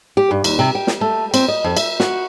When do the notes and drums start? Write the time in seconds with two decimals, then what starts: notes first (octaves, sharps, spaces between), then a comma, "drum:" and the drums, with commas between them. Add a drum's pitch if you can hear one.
0.17 G4
0.31 G2
0.44 D#2, drum: cymbal
0.59 C3
0.75 G5
0.87 drum: snare
1.01 A3
1.34 C4, drum: cymbal
1.48 D#5
1.64 F2
1.77 E5, drum: cymbal
2.00 F#4, drum: snare